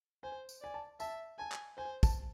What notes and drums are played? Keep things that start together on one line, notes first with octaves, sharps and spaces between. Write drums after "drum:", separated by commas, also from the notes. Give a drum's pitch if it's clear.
C5 G#5
drum: tambourine
D5 G#5
A5
E5 A5, drum: tambourine
G#5 A5
drum: clap
C5 G#5
A5, drum: kick, tambourine